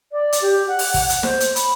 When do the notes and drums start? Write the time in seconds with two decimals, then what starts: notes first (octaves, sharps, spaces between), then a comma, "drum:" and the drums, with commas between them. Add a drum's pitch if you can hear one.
0.12 D5
0.32 drum: hi-hat
0.42 G4
0.67 F#5
0.79 drum: open hi-hat
0.94 drum: kick, open hi-hat
1.10 drum: hi-hat
1.23 C5, drum: snare
1.40 drum: hi-hat
1.56 B5, drum: hi-hat